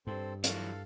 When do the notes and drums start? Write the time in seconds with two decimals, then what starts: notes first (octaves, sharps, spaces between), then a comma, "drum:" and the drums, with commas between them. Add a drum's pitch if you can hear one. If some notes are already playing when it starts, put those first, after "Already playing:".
0.07 G2 C4 A4 C5
0.44 E3 F#3 A4 F5, drum: hi-hat